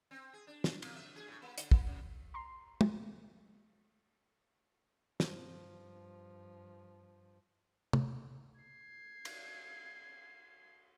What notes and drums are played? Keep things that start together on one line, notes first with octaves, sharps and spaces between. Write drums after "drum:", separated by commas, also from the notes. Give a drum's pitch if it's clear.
C4
G#4
D4
D4, drum: snare
A#3, drum: cymbal
E5
G#4
A2
A#3
D3, drum: hi-hat
A#3, drum: kick
F#2
A#5 C6 C7
drum: tom
G2 F3, drum: snare
drum: tom
G#6 C7
drum: cymbal